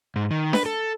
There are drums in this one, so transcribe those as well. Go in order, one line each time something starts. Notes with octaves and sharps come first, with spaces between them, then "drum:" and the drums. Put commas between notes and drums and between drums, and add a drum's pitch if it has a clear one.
G#2
D#3
B4, drum: snare D4
A4